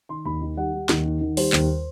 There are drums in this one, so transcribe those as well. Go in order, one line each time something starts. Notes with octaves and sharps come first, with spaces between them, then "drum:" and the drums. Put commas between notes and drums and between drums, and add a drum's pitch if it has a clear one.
D#3 C6
D#2 B5
D#3
G3 F#5
G3
D#2, drum: snare
D#3
D#3
G3 C5, drum: open hi-hat
D#2, drum: clap